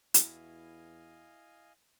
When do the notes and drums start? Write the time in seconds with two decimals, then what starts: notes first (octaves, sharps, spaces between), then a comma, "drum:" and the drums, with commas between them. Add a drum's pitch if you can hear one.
0.14 E2 E4 F#4 B4 D#5 F5 G#5, drum: hi-hat